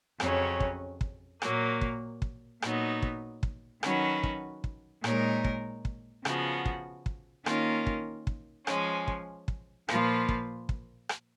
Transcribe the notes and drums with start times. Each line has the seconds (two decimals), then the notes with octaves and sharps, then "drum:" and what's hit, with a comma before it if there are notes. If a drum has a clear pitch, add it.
0.20 F2 C#3 F#3 C#4, drum: rim click
0.60 drum: kick
1.01 drum: kick
1.42 A#2 F#3 A#3, drum: rim click
1.81 drum: kick
2.22 drum: kick
2.62 A#2 F#3 B3 D#4, drum: rim click
3.02 drum: kick
3.43 drum: kick
3.83 D#3 F#3 C#4 F#4 B4, drum: rim click
4.23 drum: kick
4.64 drum: kick
5.04 A#2 G#3 D#4 A#4 C#5, drum: rim click
5.44 drum: kick
5.85 drum: kick
6.25 C#3 F3 B3 F#4, drum: rim click
6.66 drum: kick
7.06 drum: kick
7.46 D#3 A#3 C#4 F4 A#4, drum: rim click
7.87 drum: kick
8.27 drum: kick
8.67 F3 G#3 C#4, drum: rim click
9.08 drum: kick
9.48 drum: kick
9.88 A#2 F3 A#3 F4 B4, drum: rim click
10.29 drum: kick
10.69 drum: kick
11.09 drum: rim click